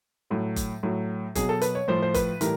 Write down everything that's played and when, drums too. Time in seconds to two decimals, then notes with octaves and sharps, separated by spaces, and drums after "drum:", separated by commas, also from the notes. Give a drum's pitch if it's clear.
0.30 A2 F#3
0.56 drum: kick F#1, hi-hat
0.83 A2 F#3
1.35 B2 F#3 G#4, drum: kick F#1, hi-hat
1.49 A4
1.61 B4, drum: hi-hat
1.75 C#5
1.88 A2 F3 C5
2.02 C5
2.14 B4, drum: kick F#1, hi-hat
2.41 A2 E3 G3 A#4, drum: hi-hat